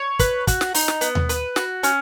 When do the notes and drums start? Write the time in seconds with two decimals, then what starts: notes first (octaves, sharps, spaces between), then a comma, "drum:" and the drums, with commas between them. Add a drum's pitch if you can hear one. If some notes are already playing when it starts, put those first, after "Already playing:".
Already playing: C#5
0.19 B4, drum: kick, hi-hat
0.47 F#4, drum: kick, hi-hat
0.61 drum: snare
0.75 D#4, drum: open hi-hat
0.88 drum: snare
1.01 B3, drum: hi-hat
1.15 drum: tom D#2
1.29 B4, drum: hi-hat
1.56 F#4, drum: snare
1.83 C#4, drum: hi-hat